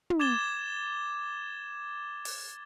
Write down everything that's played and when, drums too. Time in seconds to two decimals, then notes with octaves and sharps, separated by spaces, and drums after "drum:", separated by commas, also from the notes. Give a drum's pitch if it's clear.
0.10 drum: tom
0.20 D6 G#6 A6 E7 G7
2.25 drum: open hi-hat